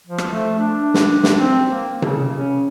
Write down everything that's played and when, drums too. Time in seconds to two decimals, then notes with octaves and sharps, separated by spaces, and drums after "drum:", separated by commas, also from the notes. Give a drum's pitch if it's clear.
0.07 F3
0.18 drum: rim click
0.30 A3
0.59 D4
0.94 drum: snare
1.23 drum: snare
1.36 C4
1.68 A#3
2.02 C#3, drum: tom C3
2.37 C#4